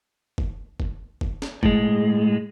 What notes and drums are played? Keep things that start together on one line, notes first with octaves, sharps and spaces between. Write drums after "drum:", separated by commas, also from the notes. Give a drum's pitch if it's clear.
drum: kick
drum: kick
drum: kick
drum: snare
A2 G#3, drum: kick